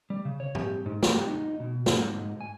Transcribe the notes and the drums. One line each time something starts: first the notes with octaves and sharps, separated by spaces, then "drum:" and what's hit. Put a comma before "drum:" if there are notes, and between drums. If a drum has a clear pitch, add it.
G3
C#3
C#5
G4, drum: tom G#2
G#2
G4, drum: snare
D#4
B2
G#2, drum: snare
G#2
G#5